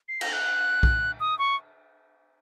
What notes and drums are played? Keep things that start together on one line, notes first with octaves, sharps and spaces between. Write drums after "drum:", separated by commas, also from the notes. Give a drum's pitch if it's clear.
C7
A#6, drum: cymbal
F#6
drum: kick B1
D#6
C#6